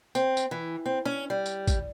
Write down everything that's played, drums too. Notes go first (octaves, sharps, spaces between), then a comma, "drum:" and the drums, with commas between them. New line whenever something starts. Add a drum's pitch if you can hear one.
C4, drum: tambourine
drum: tambourine
E3
C4
C#4
G3
drum: tambourine
drum: kick, tambourine